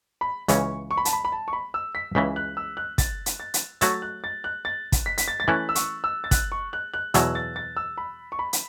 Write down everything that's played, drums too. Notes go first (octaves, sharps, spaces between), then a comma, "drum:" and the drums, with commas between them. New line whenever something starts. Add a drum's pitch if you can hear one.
B5
C#2 C#3 E3 C#4 C#6, drum: hi-hat
C#6
B5
A5, drum: hi-hat
B5
B5
A5
C#6
B5
E6
B6
C#2 C#3 E3 B6
F#6
E6
F#6
A6, drum: kick, hi-hat
drum: hi-hat
A6
drum: hi-hat
F#3 A3 F#4 C#5 E5 A6, drum: hi-hat
F#6
A6
F#6
A6
drum: kick, hi-hat
B6
B6, drum: hi-hat
A6
A6
E3 A3 C#4 E4 F#6
E6
C#6, drum: hi-hat
E6
A6
F#6, drum: kick, hi-hat
C#6
F#6
F#6
E2 B2 F#3 E6, drum: hi-hat
A6
A6
E6
B5
C#6
B5
drum: hi-hat